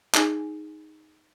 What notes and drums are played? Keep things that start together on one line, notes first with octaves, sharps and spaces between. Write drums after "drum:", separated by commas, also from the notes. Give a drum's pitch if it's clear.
D#4 G#4 G#5, drum: clap